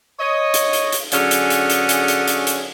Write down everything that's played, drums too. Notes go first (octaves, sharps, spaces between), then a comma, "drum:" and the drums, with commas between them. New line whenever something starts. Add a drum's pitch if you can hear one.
C#5 D#5
drum: hi-hat
drum: hi-hat
drum: hi-hat
D3 F#3 C#4 G#4, drum: hi-hat
drum: hi-hat
drum: hi-hat
drum: hi-hat
drum: hi-hat
drum: hi-hat
drum: hi-hat
drum: hi-hat